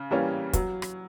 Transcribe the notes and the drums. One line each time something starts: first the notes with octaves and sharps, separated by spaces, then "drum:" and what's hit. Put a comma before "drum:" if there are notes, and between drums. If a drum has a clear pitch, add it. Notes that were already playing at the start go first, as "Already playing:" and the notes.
Already playing: C#3
E3 G3 A#3 C#4
F#3, drum: kick, hi-hat
drum: rim click